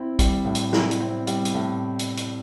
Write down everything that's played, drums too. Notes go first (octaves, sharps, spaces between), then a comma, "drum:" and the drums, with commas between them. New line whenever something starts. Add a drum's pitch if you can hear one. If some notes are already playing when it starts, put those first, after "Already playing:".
Already playing: C4 E4
G3, drum: kick, hi-hat
A2
drum: hi-hat
E4, drum: snare
drum: hi-hat
C4
G3, drum: hi-hat
drum: hi-hat
A2
drum: hi-hat
drum: hi-hat